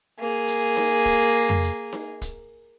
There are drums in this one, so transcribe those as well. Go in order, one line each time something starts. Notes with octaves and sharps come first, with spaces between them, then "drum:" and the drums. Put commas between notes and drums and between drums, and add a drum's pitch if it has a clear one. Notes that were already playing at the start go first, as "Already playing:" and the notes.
A#3 G#4
drum: hi-hat
drum: snare D#4
drum: kick, hi-hat
drum: tom F2
drum: hi-hat
drum: snare D#4
drum: kick, hi-hat